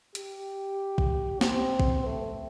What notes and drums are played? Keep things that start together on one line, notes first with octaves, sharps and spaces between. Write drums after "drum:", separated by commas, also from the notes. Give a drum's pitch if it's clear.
G4, drum: hi-hat
drum: kick
C4, drum: snare
drum: kick
A3